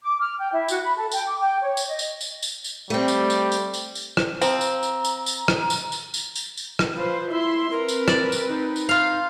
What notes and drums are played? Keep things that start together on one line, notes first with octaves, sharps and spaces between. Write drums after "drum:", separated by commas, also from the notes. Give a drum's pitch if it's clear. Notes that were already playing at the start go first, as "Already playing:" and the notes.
D6
F6
G5
E4
F#4, drum: tambourine
B5
A4
G5, drum: tambourine
D6
G5
C#5
drum: tambourine
D#5
drum: tambourine
drum: tambourine
drum: tambourine
drum: tambourine
G3 A3 C4
drum: tambourine
drum: tambourine
drum: tambourine
drum: tambourine
drum: tambourine
drum: rim click
F3 C4 A#5, drum: tambourine
drum: tambourine
drum: tambourine
drum: tambourine
drum: tambourine
drum: rim click
drum: tambourine
drum: tambourine
drum: tambourine
drum: tambourine
drum: tambourine
drum: rim click
F3 F4 B4 C5
E4 E5 C6
C4 A#4 B4
drum: tambourine
D5, drum: rim click
drum: tambourine
D#4
drum: tambourine
F4 F5